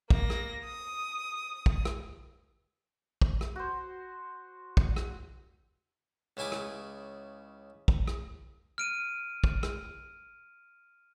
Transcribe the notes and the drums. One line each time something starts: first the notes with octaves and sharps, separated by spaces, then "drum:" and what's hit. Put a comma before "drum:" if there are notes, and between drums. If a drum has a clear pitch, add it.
A#3 A#6, drum: kick
drum: rim click
D#6
drum: kick
drum: rim click
drum: kick
drum: rim click
F#4 C5
drum: kick
drum: rim click
C#2 C#3 E4 G#5 D6
drum: rim click
drum: kick
drum: rim click
F6 D7 D#7
drum: kick
drum: rim click